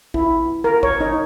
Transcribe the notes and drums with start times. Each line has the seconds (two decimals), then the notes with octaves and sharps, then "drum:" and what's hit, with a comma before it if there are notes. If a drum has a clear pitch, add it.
0.14 E4, drum: kick
0.64 A#4
0.83 C#5, drum: kick
1.00 D#4